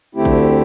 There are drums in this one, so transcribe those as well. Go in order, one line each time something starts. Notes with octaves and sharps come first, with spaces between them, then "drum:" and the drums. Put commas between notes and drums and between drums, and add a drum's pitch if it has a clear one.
D2 D3 A3 C4 E4 G4
drum: kick A1